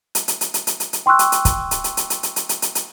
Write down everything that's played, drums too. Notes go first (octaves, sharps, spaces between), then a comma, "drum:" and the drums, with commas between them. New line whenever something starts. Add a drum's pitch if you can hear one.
drum: hi-hat
drum: hi-hat
drum: hi-hat
drum: hi-hat
drum: hi-hat
drum: hi-hat
drum: hi-hat
G5 C6 C#6 E6 F#6
drum: hi-hat
drum: hi-hat
drum: kick, hi-hat
drum: hi-hat
drum: hi-hat
drum: hi-hat
drum: hi-hat
drum: hi-hat
drum: hi-hat
drum: hi-hat
drum: hi-hat
drum: hi-hat